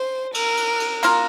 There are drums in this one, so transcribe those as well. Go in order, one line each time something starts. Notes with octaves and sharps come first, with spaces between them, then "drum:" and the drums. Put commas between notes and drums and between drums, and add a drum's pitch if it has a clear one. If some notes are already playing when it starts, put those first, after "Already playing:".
Already playing: C5
A#4, drum: cymbal
drum: cymbal
drum: cymbal
A#3 F4 A#4, drum: cymbal